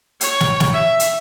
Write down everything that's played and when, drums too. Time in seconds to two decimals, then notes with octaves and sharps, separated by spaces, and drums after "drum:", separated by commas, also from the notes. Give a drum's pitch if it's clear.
0.21 C#5, drum: hi-hat
0.40 drum: snare
0.60 drum: snare
0.73 E5
1.00 drum: hi-hat